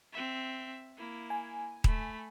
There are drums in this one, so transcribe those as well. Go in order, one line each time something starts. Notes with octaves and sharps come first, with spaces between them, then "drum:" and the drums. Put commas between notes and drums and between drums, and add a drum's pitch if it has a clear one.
C4 E5
A#3 E4
G#5
A3 B5, drum: kick D#1